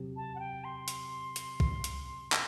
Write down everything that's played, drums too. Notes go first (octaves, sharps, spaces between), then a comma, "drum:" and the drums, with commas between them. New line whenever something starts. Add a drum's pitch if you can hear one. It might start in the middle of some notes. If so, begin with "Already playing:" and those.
Already playing: C3 F#3 C4 G4
A5
F#5
G5
C6
drum: hi-hat
drum: hi-hat
drum: kick B1
drum: hi-hat
drum: clap